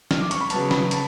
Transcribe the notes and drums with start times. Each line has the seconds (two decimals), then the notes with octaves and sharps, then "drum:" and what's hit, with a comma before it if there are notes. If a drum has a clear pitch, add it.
0.11 F6, drum: snare
0.21 D6
0.31 C#6, drum: hi-hat
0.41 B5
0.50 C#3 F#3 B3 A5, drum: hi-hat
0.71 B5, drum: snare
0.91 A5, drum: hi-hat